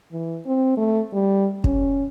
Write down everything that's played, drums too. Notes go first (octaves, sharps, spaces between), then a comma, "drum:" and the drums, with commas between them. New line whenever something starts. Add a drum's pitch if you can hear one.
E3
C4
A3
G3
C#4, drum: kick